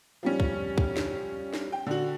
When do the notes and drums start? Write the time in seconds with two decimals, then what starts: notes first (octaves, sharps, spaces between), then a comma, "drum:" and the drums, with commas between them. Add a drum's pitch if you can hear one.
0.23 F3 G3 C#4
0.40 drum: kick
0.78 drum: kick
0.97 drum: snare
1.53 drum: snare
1.72 G5
1.87 D3 F#4